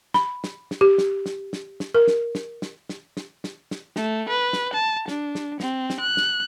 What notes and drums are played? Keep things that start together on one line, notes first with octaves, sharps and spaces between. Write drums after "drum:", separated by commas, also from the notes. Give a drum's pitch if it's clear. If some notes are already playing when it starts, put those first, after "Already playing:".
B5, drum: snare
drum: snare
drum: snare
G4
drum: snare
drum: snare
drum: snare
drum: snare
A#4
drum: snare
drum: snare
drum: snare
drum: snare
drum: snare
drum: snare
drum: snare
A3, drum: snare
B4
drum: snare
A5
D4, drum: snare
drum: snare
C4, drum: snare
drum: snare
F#6
drum: snare